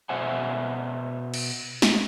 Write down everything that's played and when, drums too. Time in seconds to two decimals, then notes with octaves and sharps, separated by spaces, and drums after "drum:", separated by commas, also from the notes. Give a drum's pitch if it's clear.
0.09 B2 C5 E5 F#5 G#5
1.34 drum: cymbal
1.82 drum: snare